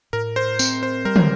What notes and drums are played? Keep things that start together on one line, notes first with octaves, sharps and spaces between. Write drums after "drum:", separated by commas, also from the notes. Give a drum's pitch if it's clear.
A2 A#4
C5
C4, drum: tambourine
C5
G3 A#4
drum: tom